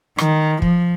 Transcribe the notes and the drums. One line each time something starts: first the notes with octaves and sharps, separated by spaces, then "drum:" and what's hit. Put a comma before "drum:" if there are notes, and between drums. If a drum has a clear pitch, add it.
D#3, drum: rim click
F3, drum: kick